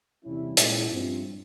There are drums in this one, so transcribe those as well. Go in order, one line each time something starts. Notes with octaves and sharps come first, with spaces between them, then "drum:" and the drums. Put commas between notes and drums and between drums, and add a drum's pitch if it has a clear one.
E2 C3 G3 C#4 E4
A#2 G#3 C#4 E4, drum: hi-hat
G2 F3 C4